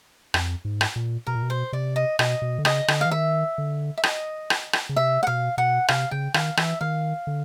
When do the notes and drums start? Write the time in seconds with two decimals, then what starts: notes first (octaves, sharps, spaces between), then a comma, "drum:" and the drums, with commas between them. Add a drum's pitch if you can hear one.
0.34 F2, drum: rim click
0.65 G#2
0.81 drum: rim click
0.96 A#2
1.27 B2 A#4
1.35 A#2
1.42 B2
1.50 C5
1.73 C3 D5
1.96 D#5
2.19 B2 D#5, drum: rim click
2.42 B2
2.59 D3
2.65 C#3 D#5, drum: rim click
2.88 D3, drum: rim click
3.01 E3 F5
3.11 D#3 E5
3.58 D3
3.97 E5
4.03 D#5, drum: rim click
4.50 drum: rim click
4.73 drum: rim click
4.89 C#3
4.96 C3 E5
5.23 F#5
5.27 B2 F5
5.57 B2 F#5
5.88 C3 F5, drum: rim click
6.11 C#3 G5
6.34 D#3 F5, drum: rim click
6.57 E3 E5, drum: rim click
6.81 D#3 F5
7.27 D3